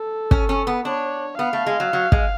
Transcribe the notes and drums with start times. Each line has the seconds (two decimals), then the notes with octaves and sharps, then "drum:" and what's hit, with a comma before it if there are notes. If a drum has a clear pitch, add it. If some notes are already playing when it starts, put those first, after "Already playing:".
Already playing: A4
0.31 C#4, drum: kick
0.49 C#4
0.67 B3
0.85 D4 C#5
1.39 B3 F5
1.53 A3
1.66 G#3
1.80 F#3
1.93 F#3
2.12 G#3, drum: kick